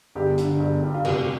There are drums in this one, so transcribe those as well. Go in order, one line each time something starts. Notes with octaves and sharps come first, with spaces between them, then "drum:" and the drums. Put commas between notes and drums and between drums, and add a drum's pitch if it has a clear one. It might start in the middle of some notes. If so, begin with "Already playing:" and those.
G1 G4
D3, drum: hi-hat
G1
G2
F4
F1 F#4, drum: cymbal